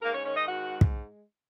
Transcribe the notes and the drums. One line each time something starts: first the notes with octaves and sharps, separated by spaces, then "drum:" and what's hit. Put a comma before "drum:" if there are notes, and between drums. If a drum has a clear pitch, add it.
G#2 A#3 A#4
C#4 C#5
D#3 C#4 C#5
D#4 D#5
G#2 F#4 F#5
G#3
drum: kick